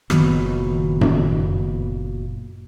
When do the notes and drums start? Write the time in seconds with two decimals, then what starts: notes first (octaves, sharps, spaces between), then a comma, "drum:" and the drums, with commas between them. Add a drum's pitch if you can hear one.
0.10 F#1 F#2 A#2 D#3 F#3 B3, drum: rim click
1.01 drum: tom F#2